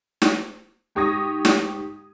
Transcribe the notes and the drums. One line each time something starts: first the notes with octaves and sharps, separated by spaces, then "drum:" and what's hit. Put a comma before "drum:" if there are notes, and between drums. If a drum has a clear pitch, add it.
drum: snare
G#2 G4 C#6 D#6 G#6 A#6
drum: snare